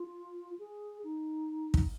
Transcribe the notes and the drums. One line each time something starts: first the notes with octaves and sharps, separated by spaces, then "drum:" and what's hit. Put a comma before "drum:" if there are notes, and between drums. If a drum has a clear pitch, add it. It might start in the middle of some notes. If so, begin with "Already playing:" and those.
Already playing: F4
G#4
D#4
drum: kick